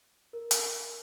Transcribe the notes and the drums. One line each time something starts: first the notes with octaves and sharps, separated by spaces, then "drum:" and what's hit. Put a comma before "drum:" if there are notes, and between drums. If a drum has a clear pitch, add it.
A#4
drum: hi-hat